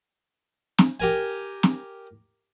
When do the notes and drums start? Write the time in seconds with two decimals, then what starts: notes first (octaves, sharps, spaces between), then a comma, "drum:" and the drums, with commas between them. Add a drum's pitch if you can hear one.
0.78 drum: snare
1.00 G4 A#4 G#5
1.63 drum: snare